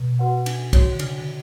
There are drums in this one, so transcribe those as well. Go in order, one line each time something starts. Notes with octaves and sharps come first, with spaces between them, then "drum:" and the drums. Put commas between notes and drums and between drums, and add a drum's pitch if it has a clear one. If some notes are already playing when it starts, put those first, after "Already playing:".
Already playing: B2
F#4 B4 F#5
D4, drum: cymbal
F#4 C#5, drum: kick, cymbal
D3
C#3 D4, drum: cymbal
D3